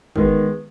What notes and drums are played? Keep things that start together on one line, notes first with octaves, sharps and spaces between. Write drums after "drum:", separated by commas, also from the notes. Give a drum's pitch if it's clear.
D#3 G#3 B3, drum: kick